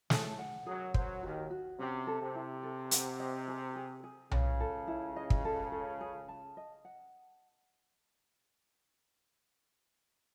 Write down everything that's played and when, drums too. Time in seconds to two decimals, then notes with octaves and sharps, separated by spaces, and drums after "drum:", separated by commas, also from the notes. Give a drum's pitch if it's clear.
0.10 A2 A3 G#4, drum: snare
0.39 F#5
0.66 F#2 F#3 G#4
0.94 F#2 F#3 C5, drum: kick
1.23 D#2 D#3 F#4
1.50 F#4
1.79 C3 C#4
2.07 A4
2.21 C3
2.35 E4
2.63 A4
2.91 F#5, drum: hi-hat
3.20 D#5
3.48 G#4
3.76 G#4
4.03 G#4
4.32 C#2 C#3 C#4, drum: tom B1
4.60 A4
4.87 E4
5.16 D#5
5.30 drum: kick
5.45 A4
5.72 A4
6.01 G#4
6.29 A5
6.57 D#5
6.85 F#5